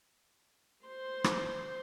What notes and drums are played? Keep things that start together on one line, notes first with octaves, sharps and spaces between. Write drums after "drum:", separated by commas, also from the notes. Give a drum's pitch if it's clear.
C5 C6
drum: rim click